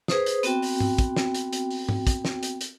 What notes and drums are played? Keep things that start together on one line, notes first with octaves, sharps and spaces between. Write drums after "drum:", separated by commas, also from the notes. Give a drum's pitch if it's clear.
G#4 B4 C5 D#6, drum: snare
drum: hi-hat
B3 C4 F#4 G5, drum: hi-hat
drum: open hi-hat
drum: tom G#2
drum: kick, hi-hat
drum: snare
drum: hi-hat
drum: hi-hat
drum: open hi-hat
drum: tom G#2
drum: kick, hi-hat
drum: snare
drum: hi-hat
drum: hi-hat